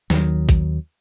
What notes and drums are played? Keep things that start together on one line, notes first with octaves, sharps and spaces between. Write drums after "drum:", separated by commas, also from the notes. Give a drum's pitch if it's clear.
D#2 D#3 F#3, drum: snare
drum: kick A1, hi-hat